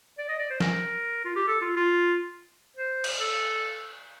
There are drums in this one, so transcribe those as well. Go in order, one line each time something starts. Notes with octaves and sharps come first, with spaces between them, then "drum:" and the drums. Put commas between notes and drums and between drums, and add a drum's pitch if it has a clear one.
D5
D#5
D5
C5
A#4, drum: snare
F4
G4
A4
F4
F4
C5
drum: cymbal
A4